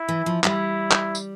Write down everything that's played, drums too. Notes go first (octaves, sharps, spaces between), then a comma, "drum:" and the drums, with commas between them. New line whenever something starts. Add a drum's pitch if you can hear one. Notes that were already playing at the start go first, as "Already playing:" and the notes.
Already playing: E4
E3
F3
G3 E4, drum: clap
drum: clap
drum: tambourine